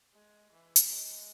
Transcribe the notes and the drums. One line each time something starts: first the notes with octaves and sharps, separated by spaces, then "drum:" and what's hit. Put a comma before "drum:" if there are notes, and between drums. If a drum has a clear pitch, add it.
G#3
E3
drum: hi-hat
G#3